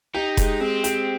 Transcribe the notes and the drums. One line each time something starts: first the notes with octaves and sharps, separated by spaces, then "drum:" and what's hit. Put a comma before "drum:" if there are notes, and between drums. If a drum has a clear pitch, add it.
D#4 G4
G#3, drum: kick F1, hi-hat
G#3 C4
G4, drum: hi-hat